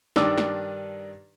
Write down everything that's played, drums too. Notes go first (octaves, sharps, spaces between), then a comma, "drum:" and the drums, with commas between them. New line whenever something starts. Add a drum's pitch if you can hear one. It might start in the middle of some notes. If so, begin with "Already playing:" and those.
G2 D#3 D4 D6 E6, drum: snare
drum: snare